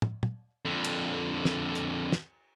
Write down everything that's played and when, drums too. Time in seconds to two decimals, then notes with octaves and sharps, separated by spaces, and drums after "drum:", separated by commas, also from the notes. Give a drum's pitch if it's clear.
0.02 drum: tom
0.23 drum: tom
0.65 F2 D3
0.84 drum: cymbal
1.45 drum: snare
1.75 drum: hi-hat
2.12 drum: snare